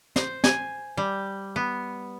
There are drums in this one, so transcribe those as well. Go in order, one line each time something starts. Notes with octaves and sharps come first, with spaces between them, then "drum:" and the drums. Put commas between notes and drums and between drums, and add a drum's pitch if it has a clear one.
C5, drum: snare
G#5, drum: snare
G3
B3